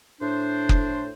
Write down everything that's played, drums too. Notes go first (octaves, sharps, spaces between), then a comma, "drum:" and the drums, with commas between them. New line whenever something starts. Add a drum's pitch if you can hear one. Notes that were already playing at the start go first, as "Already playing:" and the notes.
A2 D4 C5
drum: kick F#1